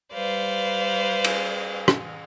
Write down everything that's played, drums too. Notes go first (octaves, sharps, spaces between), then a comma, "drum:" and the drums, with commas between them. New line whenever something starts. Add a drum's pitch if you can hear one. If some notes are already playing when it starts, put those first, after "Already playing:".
G3 B4 C5 D5 F5
drum: cymbal
drum: rim click